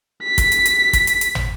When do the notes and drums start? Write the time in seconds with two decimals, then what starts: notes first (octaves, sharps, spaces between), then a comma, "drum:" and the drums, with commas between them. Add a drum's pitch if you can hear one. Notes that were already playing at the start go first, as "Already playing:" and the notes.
0.24 B6
0.38 drum: kick, hi-hat
0.52 drum: hi-hat
0.66 drum: hi-hat
0.93 drum: kick, hi-hat
1.07 drum: hi-hat
1.21 drum: hi-hat
1.35 drum: tom